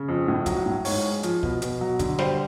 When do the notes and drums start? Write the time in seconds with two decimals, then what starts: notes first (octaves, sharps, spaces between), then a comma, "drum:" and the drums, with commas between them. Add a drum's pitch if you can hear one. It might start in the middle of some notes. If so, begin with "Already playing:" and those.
Already playing: C#3
0.09 F2
0.28 A2
0.46 F#3, drum: kick, hi-hat
0.66 A2
0.85 G#2 C#5, drum: open hi-hat
1.05 G#3
1.23 F3, drum: hi-hat
1.43 B2, drum: kick
1.62 B2, drum: hi-hat
1.81 F#3
1.99 D3, drum: kick, hi-hat
2.19 G3 C5, drum: snare